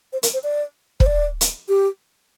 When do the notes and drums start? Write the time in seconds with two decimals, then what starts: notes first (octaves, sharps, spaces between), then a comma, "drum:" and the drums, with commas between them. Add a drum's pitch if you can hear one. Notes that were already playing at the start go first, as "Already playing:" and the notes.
0.13 C5
0.23 A#4, drum: hi-hat
0.33 C5
0.43 D5
1.00 C5, drum: kick
1.06 D5
1.41 drum: hi-hat
1.68 G4